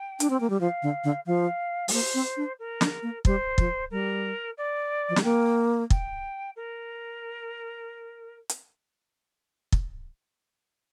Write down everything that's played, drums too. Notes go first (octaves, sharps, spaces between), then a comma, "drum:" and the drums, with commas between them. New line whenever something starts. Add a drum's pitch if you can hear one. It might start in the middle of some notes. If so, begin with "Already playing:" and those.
Already playing: G5
D4, drum: hi-hat
C4
A#3
G3
F3 F5
D3
D3
F3 F5
G3, drum: open hi-hat
A#3 C5
C4
D4
A#4
D4, drum: snare
A#3
G3 C5, drum: kick
F3, drum: kick
G3 A#4
D5
F3
G3, drum: snare
A#3 G5
G5, drum: kick
A#4
drum: hi-hat
drum: kick